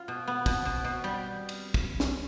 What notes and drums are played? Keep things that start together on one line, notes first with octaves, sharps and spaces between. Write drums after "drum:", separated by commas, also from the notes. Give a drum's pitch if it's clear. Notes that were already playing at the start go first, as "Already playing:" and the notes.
Already playing: F4
B2
B3
B2, drum: kick, cymbal
B2
B2
G3
drum: cymbal
drum: kick
drum: snare